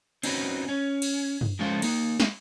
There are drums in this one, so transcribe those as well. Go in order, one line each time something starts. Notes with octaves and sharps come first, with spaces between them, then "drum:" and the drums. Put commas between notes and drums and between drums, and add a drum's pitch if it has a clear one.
C4 C#4 D#4 F#4 A#4 B4, drum: cymbal
C#4
drum: cymbal
drum: tom
F3 G#3 C#4 F4 A4 C5
A#3 D#4, drum: cymbal
drum: snare